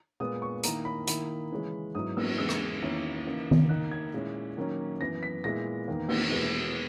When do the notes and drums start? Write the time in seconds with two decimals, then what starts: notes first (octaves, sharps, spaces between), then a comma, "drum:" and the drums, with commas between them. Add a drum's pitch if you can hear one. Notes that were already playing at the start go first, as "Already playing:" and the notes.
0.20 A#2 G#3 B3 D#6
0.42 C#6
0.63 D#3 A#3 E4 A#5, drum: hi-hat
0.85 B5
1.07 D#3 A#3 E4 B5, drum: hi-hat
1.52 C#3 E3 G#3 C#4
1.95 G#2 F#3 B3 E4 D#6
2.17 E6, drum: cymbal
2.38 E2 C#3 G#3 B3 E6
2.49 drum: rim click
2.82 E2 D#3 A#3 C#4 E4
3.26 C#3 E3 A#3 D#4
3.51 drum: tom D#3
3.69 D#3 A#3 D#4 F#6
3.91 G#6
4.14 A#2 G#3 C#4 E4
4.57 D#3 F#3 A#3 C#4
5.00 F#2 E3 B3 A#6
5.23 B6
5.44 A#2 G#3 B3 E4 A#6
5.88 E2 D#3 A#3
6.08 drum: cymbal
6.31 E2 B2 G#3 B3 E4